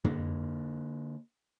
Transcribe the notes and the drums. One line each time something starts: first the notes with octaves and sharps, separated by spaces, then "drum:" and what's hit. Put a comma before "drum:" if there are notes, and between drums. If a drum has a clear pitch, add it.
D3 A#3, drum: tom